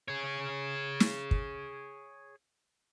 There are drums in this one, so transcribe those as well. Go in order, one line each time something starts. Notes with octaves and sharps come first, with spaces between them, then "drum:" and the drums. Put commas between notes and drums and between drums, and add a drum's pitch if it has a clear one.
G#4 C#5
drum: snare
drum: kick